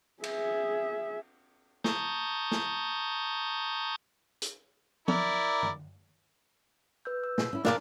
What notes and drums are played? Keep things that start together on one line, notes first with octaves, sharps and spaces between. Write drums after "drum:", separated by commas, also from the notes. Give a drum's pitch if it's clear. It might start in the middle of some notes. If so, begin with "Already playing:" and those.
G#4 E5, drum: cymbal
A5 A#5 C#6 D#6 G6, drum: snare
drum: snare
drum: hi-hat
E4 A#4 D5, drum: tom
drum: tom
B4 E6 G6
E6
B2, drum: snare
C#4 E4
D4 A#4 D5 F5 F#5 G#5, drum: snare